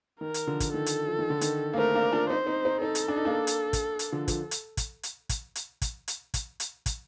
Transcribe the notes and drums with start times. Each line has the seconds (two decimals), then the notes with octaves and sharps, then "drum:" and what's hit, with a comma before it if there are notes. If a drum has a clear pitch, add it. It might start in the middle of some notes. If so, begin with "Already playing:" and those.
0.21 D#3 A#4
0.34 drum: hi-hat
0.47 D3 F3
0.60 drum: kick, hi-hat
0.73 D#3 A4
0.86 drum: hi-hat
1.08 F3
1.19 D#3
1.30 D3
1.41 D#3, drum: hi-hat
1.73 A#3
1.78 A3 C4 A#4
1.95 A#3 D4
2.12 D4 F4
2.30 C4 D#4 C5
2.47 C4 D#4
2.65 C4 D#4
2.82 C4 D#4 A4
2.95 drum: hi-hat
3.08 D4
3.16 D#4
3.25 A#3 D4
3.47 drum: hi-hat
3.73 drum: kick, hi-hat
3.99 drum: hi-hat
4.12 D3 F3
4.28 F3, drum: kick, hi-hat
4.51 drum: hi-hat
4.77 drum: kick, hi-hat
5.03 drum: hi-hat
5.29 drum: kick, hi-hat
5.55 drum: hi-hat
5.82 drum: kick, hi-hat
6.08 drum: hi-hat
6.34 drum: kick, hi-hat
6.60 drum: hi-hat
6.86 drum: kick, hi-hat